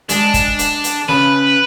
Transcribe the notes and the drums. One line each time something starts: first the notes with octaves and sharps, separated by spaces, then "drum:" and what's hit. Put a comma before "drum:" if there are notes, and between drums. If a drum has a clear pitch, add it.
G#3 D4, drum: hi-hat
drum: kick, hi-hat
drum: hi-hat
drum: hi-hat
C#3 B4